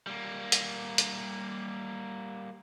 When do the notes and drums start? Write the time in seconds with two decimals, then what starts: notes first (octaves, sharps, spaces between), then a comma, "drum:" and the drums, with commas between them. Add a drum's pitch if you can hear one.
0.07 G3 A#3
0.52 drum: hi-hat
0.98 drum: hi-hat